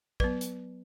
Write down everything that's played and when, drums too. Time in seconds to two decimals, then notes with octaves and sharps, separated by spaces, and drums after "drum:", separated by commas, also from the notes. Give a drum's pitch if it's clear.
0.20 F#3 B3 B4, drum: kick
0.41 drum: hi-hat